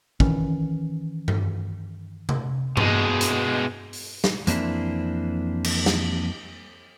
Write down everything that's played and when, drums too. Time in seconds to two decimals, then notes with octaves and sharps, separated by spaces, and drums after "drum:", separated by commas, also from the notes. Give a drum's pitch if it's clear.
0.20 D#3 E3 C#4, drum: kick
1.28 drum: tom G2
2.29 drum: tom C3
2.77 B2 G#3, drum: tom G2
3.21 drum: hi-hat
3.93 drum: open hi-hat
4.24 drum: snare
4.47 F2 E3 A#3 C4 D4 E4, drum: hi-hat
5.64 drum: cymbal
5.86 drum: snare